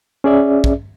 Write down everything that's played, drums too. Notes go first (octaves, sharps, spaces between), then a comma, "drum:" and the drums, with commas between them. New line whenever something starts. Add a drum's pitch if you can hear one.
C#4 G#4 D5 E5
drum: kick